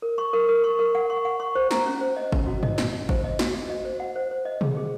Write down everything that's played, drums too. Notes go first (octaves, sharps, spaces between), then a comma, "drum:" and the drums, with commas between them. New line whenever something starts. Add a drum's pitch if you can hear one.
A#4
C#6
A#4
A#4
C#6
A#4
F#5
C#6
F#5
C#6
C5
A#5, drum: snare
C#4
C5
D#5
C#4, drum: kick
F#4
D#5, drum: tom G2
D#5, drum: snare
D#5
C5, drum: kick
D#5
F#4, drum: snare
D#5
D#5
C5
F#5
C5
C5
D#5
G#4, drum: tom B2
G#4